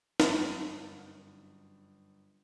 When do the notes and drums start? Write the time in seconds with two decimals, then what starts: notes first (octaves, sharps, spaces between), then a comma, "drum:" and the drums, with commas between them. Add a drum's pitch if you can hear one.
0.20 G1 F#2, drum: snare